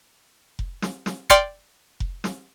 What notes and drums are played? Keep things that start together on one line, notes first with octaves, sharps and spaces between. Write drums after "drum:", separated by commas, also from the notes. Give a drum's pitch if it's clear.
drum: kick F1
drum: snare
drum: snare
D5 G5 C6 F6 A6 C#7, drum: kick F1
drum: kick F1
drum: snare